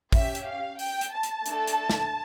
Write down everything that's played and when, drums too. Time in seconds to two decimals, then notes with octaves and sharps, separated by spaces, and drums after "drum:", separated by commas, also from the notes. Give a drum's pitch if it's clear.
0.12 C#4 G4 E5, drum: kick, open hi-hat
0.35 drum: hi-hat
0.46 F5
0.79 G5, drum: open hi-hat
1.01 drum: hi-hat
1.12 A5
1.23 drum: hi-hat
1.46 A3 D4 A4, drum: hi-hat
1.67 drum: hi-hat
1.90 drum: snare